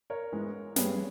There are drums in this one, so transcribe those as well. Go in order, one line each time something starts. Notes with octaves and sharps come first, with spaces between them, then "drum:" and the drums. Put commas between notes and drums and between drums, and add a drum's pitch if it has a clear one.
A#4 C#5
G#2 E3 G#3 B3
G2 G3 C#4 G#4 B4, drum: snare